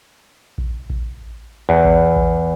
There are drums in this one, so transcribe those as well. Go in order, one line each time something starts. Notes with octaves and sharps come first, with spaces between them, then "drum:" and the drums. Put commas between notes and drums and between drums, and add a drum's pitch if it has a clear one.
drum: kick A1
drum: kick A1
E2
drum: kick A1
drum: kick A1